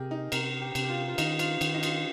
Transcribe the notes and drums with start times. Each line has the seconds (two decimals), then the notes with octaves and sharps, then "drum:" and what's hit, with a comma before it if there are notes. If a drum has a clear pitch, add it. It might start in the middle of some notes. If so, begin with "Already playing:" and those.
Already playing: C3 G4 G#4 A#4
0.11 D#4
0.32 C3 A#4, drum: cymbal
0.61 G4
0.75 C3, drum: cymbal
0.84 G4
0.89 F4
1.08 F4
1.18 D#3 D#4, drum: cymbal
1.39 F4, drum: cymbal
1.61 D#3, drum: cymbal
1.74 D#4
1.83 F4, drum: cymbal